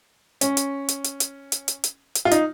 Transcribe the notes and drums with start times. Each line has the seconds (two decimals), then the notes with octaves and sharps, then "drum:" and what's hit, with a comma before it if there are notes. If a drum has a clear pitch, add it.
0.41 C#4, drum: hi-hat
0.57 drum: hi-hat
0.89 drum: hi-hat
1.04 drum: hi-hat
1.20 drum: hi-hat
1.52 drum: hi-hat
1.68 drum: hi-hat
1.84 drum: hi-hat
2.15 drum: hi-hat
2.25 F4
2.31 D#4, drum: hi-hat